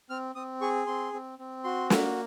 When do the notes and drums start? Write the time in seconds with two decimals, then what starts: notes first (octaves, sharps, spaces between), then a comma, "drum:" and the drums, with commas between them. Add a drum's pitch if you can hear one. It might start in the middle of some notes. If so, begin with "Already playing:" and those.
0.10 C4 F6
0.35 C4 D#6
0.61 G#4 C#6
0.87 C4 C6
1.13 C4
1.39 C4
1.64 F#4 C6
1.90 A#3, drum: snare